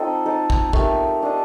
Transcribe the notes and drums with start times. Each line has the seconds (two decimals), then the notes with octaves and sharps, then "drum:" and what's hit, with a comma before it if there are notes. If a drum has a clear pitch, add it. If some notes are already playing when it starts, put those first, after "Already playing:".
Already playing: C4 D#4 F4 A4
0.26 D#4 A4 D5
0.50 drum: kick
0.73 A3 D#4 G4 A#4, drum: kick
1.23 D4 A4 D#5